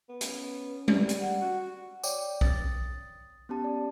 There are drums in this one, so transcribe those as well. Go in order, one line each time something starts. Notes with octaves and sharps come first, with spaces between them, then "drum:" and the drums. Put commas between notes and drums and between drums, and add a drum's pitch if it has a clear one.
B3
C#4, drum: hi-hat
G3, drum: tom G3
drum: hi-hat
F#5
F#4
C#5 D5 G5 D6, drum: tambourine
D#6 A6, drum: kick B1
B3 C#4 G4 A5
D5